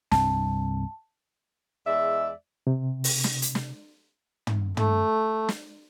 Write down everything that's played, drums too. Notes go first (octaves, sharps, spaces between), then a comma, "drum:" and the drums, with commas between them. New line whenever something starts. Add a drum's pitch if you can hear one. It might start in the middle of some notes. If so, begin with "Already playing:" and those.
C2 G2 C4 A5, drum: snare
E2 G#3 D5 E5
C3
drum: open hi-hat
drum: snare
drum: hi-hat
drum: snare
drum: tom
A3, drum: tom
drum: snare